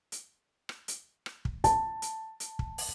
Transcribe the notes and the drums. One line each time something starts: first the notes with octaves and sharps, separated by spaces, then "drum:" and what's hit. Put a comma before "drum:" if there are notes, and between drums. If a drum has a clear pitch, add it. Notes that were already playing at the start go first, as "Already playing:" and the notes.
drum: hi-hat
drum: rim click
drum: hi-hat
drum: rim click
drum: kick
A5, drum: kick, hi-hat
drum: hi-hat
drum: hi-hat
drum: kick
drum: open hi-hat